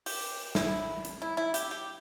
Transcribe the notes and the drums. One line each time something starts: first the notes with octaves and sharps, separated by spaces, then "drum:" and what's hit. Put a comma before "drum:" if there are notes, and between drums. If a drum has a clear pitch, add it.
G4, drum: open hi-hat
E4, drum: snare
drum: hi-hat
E4
E4
G4, drum: hi-hat
G4